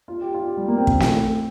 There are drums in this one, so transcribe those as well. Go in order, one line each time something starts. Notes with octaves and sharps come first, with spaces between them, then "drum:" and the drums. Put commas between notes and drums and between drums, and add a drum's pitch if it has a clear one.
F4
G4
F4
G4
G3
A#3
C4
drum: kick
drum: snare